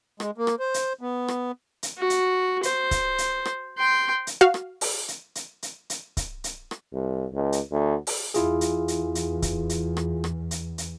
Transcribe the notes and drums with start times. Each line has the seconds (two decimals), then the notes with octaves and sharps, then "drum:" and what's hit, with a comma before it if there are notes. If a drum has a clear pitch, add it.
0.20 G#3, drum: rim click
0.38 A#3
0.47 drum: rim click
0.59 C5
0.74 drum: hi-hat
1.01 B3
1.28 drum: rim click
1.83 drum: hi-hat
1.98 F#4
2.10 drum: hi-hat
2.63 C5, drum: hi-hat
2.91 drum: kick C#1, hi-hat
3.18 drum: hi-hat
3.45 drum: rim click
3.78 G5 C6
4.27 drum: hi-hat
4.41 F#4 F5
4.54 drum: rim click
4.81 drum: open hi-hat
5.08 drum: hi-hat
5.35 drum: hi-hat
5.63 drum: hi-hat
5.90 drum: hi-hat
6.17 drum: kick C#1, hi-hat
6.44 drum: hi-hat
6.71 drum: rim click
6.93 C2
7.33 C#2
7.52 drum: hi-hat
7.71 D2
8.07 drum: open hi-hat
8.34 E2 E4 F4 G#4, drum: hi-hat
8.61 drum: hi-hat
8.88 drum: hi-hat
9.15 drum: hi-hat
9.42 drum: kick C#1, hi-hat
9.69 drum: hi-hat
9.97 drum: rim click
10.24 drum: rim click
10.51 drum: hi-hat
10.78 drum: hi-hat